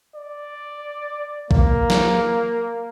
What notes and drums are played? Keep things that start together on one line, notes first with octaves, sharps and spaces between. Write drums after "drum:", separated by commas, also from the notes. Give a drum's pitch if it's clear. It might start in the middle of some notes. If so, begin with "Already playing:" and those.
D5
A#3, drum: kick B1
drum: snare